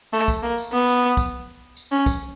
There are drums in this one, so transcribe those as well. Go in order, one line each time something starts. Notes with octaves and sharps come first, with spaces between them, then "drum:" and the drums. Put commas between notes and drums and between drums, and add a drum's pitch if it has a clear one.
A3
drum: kick, tambourine
A#3
drum: tambourine
B3
drum: tambourine
drum: kick, tambourine
drum: tambourine
C#4
drum: kick, tambourine